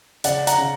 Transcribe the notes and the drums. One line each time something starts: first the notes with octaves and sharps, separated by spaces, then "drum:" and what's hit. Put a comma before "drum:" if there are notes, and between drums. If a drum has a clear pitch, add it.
C#3 D5 F#5, drum: hi-hat
F#5 A#5, drum: hi-hat
C#3